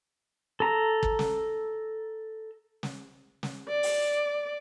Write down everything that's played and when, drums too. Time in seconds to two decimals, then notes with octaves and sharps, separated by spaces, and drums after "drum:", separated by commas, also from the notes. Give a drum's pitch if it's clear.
0.60 A4 A#5
1.03 drum: kick
1.19 drum: snare
2.83 drum: snare
3.43 drum: snare
3.68 D5
3.83 drum: open hi-hat